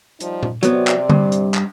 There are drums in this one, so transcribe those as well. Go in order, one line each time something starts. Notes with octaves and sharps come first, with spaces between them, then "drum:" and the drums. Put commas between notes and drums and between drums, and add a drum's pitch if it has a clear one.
F3 G3 D#4, drum: hi-hat
drum: tom A#2
C3 F#3 B3 D5, drum: hi-hat
drum: clap
G2, drum: tom D3
drum: hi-hat
drum: clap